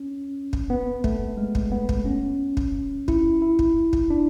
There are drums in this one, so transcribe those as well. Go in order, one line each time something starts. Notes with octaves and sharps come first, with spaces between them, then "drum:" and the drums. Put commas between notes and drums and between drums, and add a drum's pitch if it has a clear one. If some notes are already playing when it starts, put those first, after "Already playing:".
Already playing: C#4
drum: kick
B3
A3, drum: kick
G#3
drum: kick
B3
drum: kick
C#4
drum: kick
E4, drum: kick
E4
drum: kick
drum: kick
D4